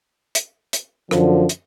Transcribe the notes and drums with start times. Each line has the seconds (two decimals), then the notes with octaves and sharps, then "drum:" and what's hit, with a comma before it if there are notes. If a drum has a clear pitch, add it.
0.35 drum: hi-hat
0.73 drum: hi-hat
1.11 F#2 D3 F3, drum: rim click
1.49 drum: hi-hat